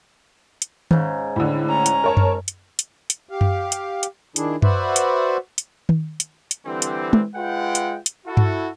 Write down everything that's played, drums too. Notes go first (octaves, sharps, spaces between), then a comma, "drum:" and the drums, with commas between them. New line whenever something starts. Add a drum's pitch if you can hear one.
drum: hi-hat
G#2 C#3, drum: tom D#3
A2 D3
C#4 A#5
drum: hi-hat
A#4 C#5 A5
drum: tom F#2
drum: hi-hat
drum: hi-hat
drum: hi-hat
G4 F5
drum: tom F#2
drum: hi-hat
drum: hi-hat
D#3 D4 E4 G#4, drum: hi-hat
F#4 B4 C5 D5 E5 F#5, drum: tom F#2
drum: hi-hat
drum: hi-hat
drum: tom D#3
drum: hi-hat
drum: hi-hat
D3 E3 G3 C4
drum: hi-hat
drum: tom
G#3 F4 B4 F#5 G5
drum: hi-hat
drum: hi-hat
E4 F#4 A4
drum: tom G2